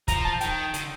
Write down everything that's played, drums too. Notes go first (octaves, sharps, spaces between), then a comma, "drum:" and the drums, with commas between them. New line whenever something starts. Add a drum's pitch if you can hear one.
F3 A#5, drum: kick C#1, hi-hat
A5
D#3 G5, drum: hi-hat
D3, drum: hi-hat